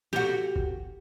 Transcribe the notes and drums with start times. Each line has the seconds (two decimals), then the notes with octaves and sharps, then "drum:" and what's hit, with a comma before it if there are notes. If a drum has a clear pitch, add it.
0.13 F#4 G4, drum: snare
0.56 drum: kick